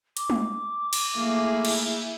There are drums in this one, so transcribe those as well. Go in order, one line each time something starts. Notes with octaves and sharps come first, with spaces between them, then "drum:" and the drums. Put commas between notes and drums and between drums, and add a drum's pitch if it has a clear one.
D6, drum: hi-hat
drum: tom
drum: cymbal
A3 A#3 E4 G#4
drum: cymbal